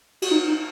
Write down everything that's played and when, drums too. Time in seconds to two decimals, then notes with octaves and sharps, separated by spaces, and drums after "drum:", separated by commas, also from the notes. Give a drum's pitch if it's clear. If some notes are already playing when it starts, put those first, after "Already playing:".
0.22 F#4, drum: cymbal
0.31 D#4
0.48 D#4